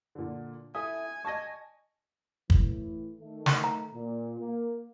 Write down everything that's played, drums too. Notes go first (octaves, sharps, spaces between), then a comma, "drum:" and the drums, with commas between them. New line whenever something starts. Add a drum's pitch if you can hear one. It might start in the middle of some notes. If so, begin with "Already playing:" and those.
A#2 D3
E4 A4 E5 G#5 D#6
D#5 A5 C#6 G#6 A#6
A2 E3, drum: kick
D#3 A3
drum: snare
A#5
A#2
A#3